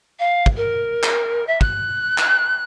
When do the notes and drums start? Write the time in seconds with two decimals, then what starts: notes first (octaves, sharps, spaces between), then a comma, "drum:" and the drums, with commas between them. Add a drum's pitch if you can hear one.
0.19 F5
0.46 drum: kick
0.56 A#4
1.03 drum: clap
1.47 E5
1.61 F#6, drum: kick
2.18 drum: clap